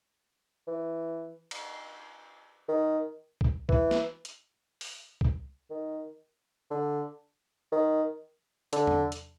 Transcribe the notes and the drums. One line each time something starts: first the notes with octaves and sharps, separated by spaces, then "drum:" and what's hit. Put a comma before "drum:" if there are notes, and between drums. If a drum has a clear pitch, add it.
E3
drum: cymbal
D#3
drum: kick C2
E3, drum: kick C2
drum: snare
drum: hi-hat
drum: open hi-hat
drum: kick C2
D#3
D3
D#3
D3, drum: hi-hat
drum: tom E2
drum: hi-hat